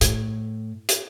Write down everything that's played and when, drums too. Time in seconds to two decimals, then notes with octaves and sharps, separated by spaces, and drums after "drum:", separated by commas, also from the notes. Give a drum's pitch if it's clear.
0.01 A2, drum: hi-hat
0.89 drum: hi-hat